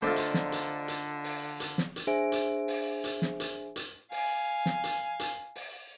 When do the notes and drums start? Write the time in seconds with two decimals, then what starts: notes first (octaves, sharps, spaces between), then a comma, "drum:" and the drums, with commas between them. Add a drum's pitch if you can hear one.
0.02 D3 A3 D4 D#4 F4 A4 C5 D5
0.16 drum: hi-hat
0.34 drum: snare
0.52 drum: hi-hat
0.88 drum: hi-hat
1.24 drum: open hi-hat
1.60 drum: hi-hat
1.78 drum: snare
1.96 drum: hi-hat
2.07 D4 G#4 C5 E5 G#5 D7
2.32 drum: hi-hat
2.68 drum: open hi-hat
3.04 drum: hi-hat
3.22 drum: snare
3.40 drum: hi-hat
3.76 drum: hi-hat
4.12 F5 G#5, drum: open hi-hat
4.66 drum: snare
4.84 drum: hi-hat
5.20 drum: hi-hat
5.56 drum: open hi-hat